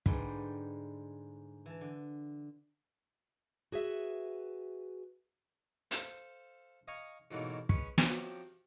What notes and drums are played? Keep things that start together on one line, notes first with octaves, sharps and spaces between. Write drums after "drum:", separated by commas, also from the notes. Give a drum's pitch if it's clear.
G#2 D3 G3 G#3 B4 D5, drum: kick
E3 A5
D3
F#4 G#4 B4 E5
A4 C5 F5, drum: hi-hat
D#5 F5 G#5 A#5 C#6
G#2 B2 E3 F#3 A3 A#3
G#3 C#4 B4 C#5, drum: kick
F3 F#3 C4 G4, drum: snare